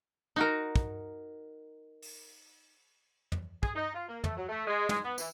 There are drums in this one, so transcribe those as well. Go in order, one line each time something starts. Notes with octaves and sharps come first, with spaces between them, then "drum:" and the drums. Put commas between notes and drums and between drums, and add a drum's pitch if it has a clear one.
D#4 F#4 A#4
drum: kick
drum: open hi-hat
drum: tom
G#4, drum: kick
D#4
F4
A#3
A3, drum: tom
F#3
A3
G#3
G#3, drum: tom
B3
E3, drum: tambourine